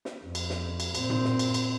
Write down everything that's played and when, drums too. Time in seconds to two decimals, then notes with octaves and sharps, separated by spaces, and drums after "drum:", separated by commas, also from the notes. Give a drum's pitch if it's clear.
0.05 drum: snare
0.25 F2
0.35 drum: cymbal
0.50 drum: snare
0.80 drum: cymbal
0.95 A#2 C4, drum: cymbal
1.10 drum: tom
1.24 drum: snare
1.39 drum: cymbal
1.54 drum: cymbal